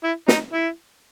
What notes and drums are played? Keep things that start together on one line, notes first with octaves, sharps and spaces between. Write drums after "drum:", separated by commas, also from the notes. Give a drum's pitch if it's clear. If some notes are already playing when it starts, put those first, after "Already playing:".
E4
D#4, drum: snare
E4